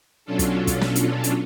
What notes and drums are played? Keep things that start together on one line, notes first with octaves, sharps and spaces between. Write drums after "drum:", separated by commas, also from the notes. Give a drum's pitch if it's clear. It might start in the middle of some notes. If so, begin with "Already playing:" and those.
B2 F#3 C#4 D4 F4 A4
drum: kick, hi-hat
drum: kick, hi-hat
drum: snare
drum: hi-hat
drum: hi-hat